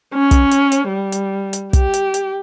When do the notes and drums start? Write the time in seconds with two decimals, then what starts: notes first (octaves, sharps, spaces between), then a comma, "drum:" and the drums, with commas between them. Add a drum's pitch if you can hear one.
0.14 C#4
0.31 drum: kick, hi-hat
0.51 drum: hi-hat
0.72 drum: hi-hat
0.88 G3
1.12 drum: hi-hat
1.53 drum: hi-hat
1.73 G4, drum: kick, hi-hat
1.94 drum: hi-hat
2.14 drum: hi-hat